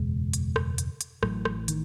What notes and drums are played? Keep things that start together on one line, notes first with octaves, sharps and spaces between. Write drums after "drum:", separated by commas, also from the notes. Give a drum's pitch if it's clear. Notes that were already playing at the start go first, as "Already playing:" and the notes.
Already playing: F#1 E2 B2 G#3
drum: hi-hat
drum: rim click
drum: hi-hat
drum: hi-hat
A1 A2 F#3, drum: rim click
drum: rim click
D#3, drum: hi-hat